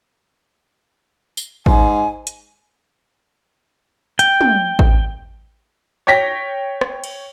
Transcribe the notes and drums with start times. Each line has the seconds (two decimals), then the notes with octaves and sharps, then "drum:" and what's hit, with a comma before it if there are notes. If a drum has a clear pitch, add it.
1.37 drum: tambourine
1.66 G#2 G#5, drum: kick A1
2.27 drum: hi-hat
4.19 G5, drum: hi-hat
4.41 drum: tom
4.79 drum: kick A1
6.07 C#5 G5 A#6 B6
6.81 drum: rim click
7.04 drum: cymbal